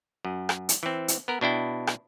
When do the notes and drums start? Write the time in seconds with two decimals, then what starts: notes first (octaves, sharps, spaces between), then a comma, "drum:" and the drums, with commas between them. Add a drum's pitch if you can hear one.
0.25 F#2
0.49 drum: rim click
0.69 drum: hi-hat
0.83 E3 C4
1.08 drum: hi-hat
1.28 B3 A#4
1.41 B2 D4 E4 G5
1.87 drum: rim click